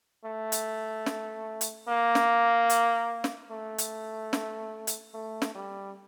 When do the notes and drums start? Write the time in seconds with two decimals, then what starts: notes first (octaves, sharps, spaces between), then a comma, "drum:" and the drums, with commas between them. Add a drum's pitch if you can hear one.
0.25 A3
0.52 drum: hi-hat
1.06 drum: snare
1.61 drum: hi-hat
1.89 A#3
2.15 drum: snare
2.70 drum: hi-hat
3.24 drum: snare
3.51 A3
3.78 drum: hi-hat
4.33 drum: snare
4.87 drum: hi-hat
5.14 A3
5.42 drum: snare
5.55 G3